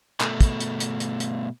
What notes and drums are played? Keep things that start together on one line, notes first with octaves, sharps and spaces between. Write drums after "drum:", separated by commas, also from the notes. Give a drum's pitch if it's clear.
B2 A3, drum: clap
drum: kick, hi-hat
drum: hi-hat
drum: hi-hat
drum: hi-hat
drum: hi-hat